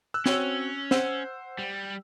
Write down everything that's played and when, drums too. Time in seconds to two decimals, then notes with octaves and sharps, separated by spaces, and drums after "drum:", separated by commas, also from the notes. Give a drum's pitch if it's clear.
0.14 E6 F#6
0.26 C4 C#4 F#4 C#5, drum: snare
0.91 C5 F#5 E6, drum: snare
1.59 G3